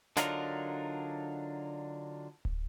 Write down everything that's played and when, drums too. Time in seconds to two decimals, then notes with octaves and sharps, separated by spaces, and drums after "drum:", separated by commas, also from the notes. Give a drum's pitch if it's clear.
0.17 D3 F#3 D4 D#4 F4 A#4, drum: snare
2.45 drum: kick D1